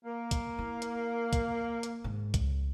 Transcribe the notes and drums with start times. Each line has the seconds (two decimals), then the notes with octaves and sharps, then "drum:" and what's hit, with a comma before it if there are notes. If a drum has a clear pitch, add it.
0.05 A#3
0.31 drum: kick, hi-hat
0.59 E4
0.82 drum: hi-hat
1.33 drum: kick, hi-hat
1.83 drum: hi-hat
2.04 G#2 D#3
2.34 C#2, drum: kick, hi-hat